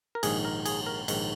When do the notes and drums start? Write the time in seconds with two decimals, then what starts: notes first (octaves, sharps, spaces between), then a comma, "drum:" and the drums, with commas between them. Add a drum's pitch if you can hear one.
0.15 A#4
0.23 A#1 G#2 D#3 G#4, drum: cymbal
0.45 A#4
0.66 G#4, drum: cymbal
0.86 A#4
1.08 A#1 G#2 D#3, drum: cymbal